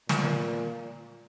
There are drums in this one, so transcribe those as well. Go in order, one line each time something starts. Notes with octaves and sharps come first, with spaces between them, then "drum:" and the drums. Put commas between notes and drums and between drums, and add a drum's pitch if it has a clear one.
A#2, drum: snare